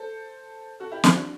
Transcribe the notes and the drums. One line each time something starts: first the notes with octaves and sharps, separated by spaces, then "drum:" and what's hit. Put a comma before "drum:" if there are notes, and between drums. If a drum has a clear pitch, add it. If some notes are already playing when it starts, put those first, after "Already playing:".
Already playing: A4 C5
F#4 A4
E4 G4
C4 E4, drum: snare
D4 F#4